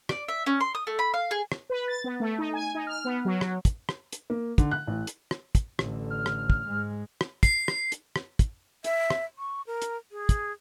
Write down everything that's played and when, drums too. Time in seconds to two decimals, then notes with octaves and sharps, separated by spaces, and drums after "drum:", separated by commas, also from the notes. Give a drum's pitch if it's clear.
0.09 D5, drum: rim click
0.29 E5
0.46 C#4
0.60 C6
0.75 D#6
0.87 A3
0.99 B5
1.14 F5
1.31 G#4
1.52 drum: rim click
1.70 B4
1.88 A6
2.04 B3
2.20 A3
2.38 D#4
2.53 G#5
2.75 D#4
2.87 F6
3.05 B3
3.25 F#3
3.41 drum: rim click
3.65 drum: kick, hi-hat
3.89 drum: rim click
4.12 drum: hi-hat
4.30 A#3
4.58 D3, drum: kick, hi-hat
4.71 F#6
4.87 A1
5.07 drum: hi-hat
5.31 drum: rim click
5.55 drum: kick, hi-hat
5.79 A1 D3, drum: rim click
6.10 F6
6.26 drum: rim click
6.50 drum: kick
6.67 G#2 G#3
7.21 drum: rim click
7.43 C7, drum: kick, hi-hat
7.68 drum: rim click
7.92 drum: hi-hat
8.16 drum: rim click
8.39 drum: kick, hi-hat
8.84 E5, drum: hi-hat
9.10 drum: rim click
9.38 C#6
9.67 A#4
9.82 drum: hi-hat
10.12 G#4
10.29 drum: kick, hi-hat